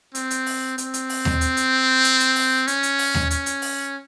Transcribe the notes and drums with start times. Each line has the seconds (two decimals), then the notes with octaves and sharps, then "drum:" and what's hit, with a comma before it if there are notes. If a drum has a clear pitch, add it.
0.15 C4, drum: hi-hat
0.31 drum: hi-hat
0.46 drum: open hi-hat
0.78 C4, drum: hi-hat
0.94 drum: hi-hat
1.09 drum: open hi-hat
1.25 drum: tom D#2
1.41 drum: hi-hat
1.57 drum: hi-hat
2.04 drum: hi-hat
2.20 drum: hi-hat
2.36 drum: open hi-hat
2.68 C#4, drum: hi-hat
2.83 drum: hi-hat
2.99 drum: open hi-hat
3.15 drum: tom D#2
3.31 C#4, drum: hi-hat
3.46 drum: hi-hat
3.62 drum: open hi-hat